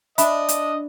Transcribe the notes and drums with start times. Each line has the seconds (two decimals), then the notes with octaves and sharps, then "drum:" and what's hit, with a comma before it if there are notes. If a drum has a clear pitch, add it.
0.18 D4 D#5 E5 B5, drum: hi-hat
0.49 drum: hi-hat